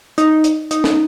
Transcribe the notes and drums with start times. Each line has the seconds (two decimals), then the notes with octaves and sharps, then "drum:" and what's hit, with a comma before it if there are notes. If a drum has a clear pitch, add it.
0.18 D#4, drum: hi-hat
0.44 drum: hi-hat
0.71 D#4, drum: hi-hat
0.84 drum: snare